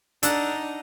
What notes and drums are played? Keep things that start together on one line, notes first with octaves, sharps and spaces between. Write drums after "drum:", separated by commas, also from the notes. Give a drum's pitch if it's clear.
D4 D#4 A4 F#5, drum: hi-hat